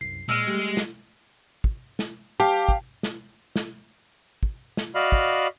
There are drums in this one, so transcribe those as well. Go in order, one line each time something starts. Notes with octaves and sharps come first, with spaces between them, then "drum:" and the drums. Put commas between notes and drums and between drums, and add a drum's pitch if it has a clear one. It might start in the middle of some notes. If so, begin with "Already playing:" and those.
C2 F#2 C7
A#2 G#3 E6 F6 D#7
G3 A3 G4
drum: snare
drum: kick
drum: snare
G4 F5 G5 A5
drum: kick
drum: snare
drum: snare
drum: kick
drum: snare
F#4 D5 D#5 F5 B5 F6
drum: kick